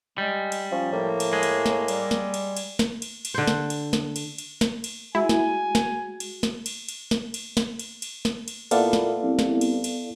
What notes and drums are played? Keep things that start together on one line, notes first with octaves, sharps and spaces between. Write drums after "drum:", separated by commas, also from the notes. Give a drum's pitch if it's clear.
G3 G#3
drum: cymbal
F3 C#4
A2 F3 A#3
drum: cymbal
G#3
drum: cymbal
drum: snare
G3, drum: cymbal
drum: snare
drum: cymbal
drum: cymbal
drum: snare
drum: cymbal
drum: cymbal
D3 C5
drum: snare
drum: cymbal
drum: snare
drum: cymbal
drum: cymbal
drum: snare
drum: cymbal
G#3 E4 F#4 G#5
drum: snare
drum: snare
drum: cymbal
drum: snare
drum: cymbal
drum: cymbal
drum: snare
drum: cymbal
drum: snare
drum: cymbal
drum: cymbal
drum: snare
drum: cymbal
A#2 B3 E4 A4 D5 F5, drum: cymbal
drum: snare
C2
drum: snare
drum: cymbal
drum: cymbal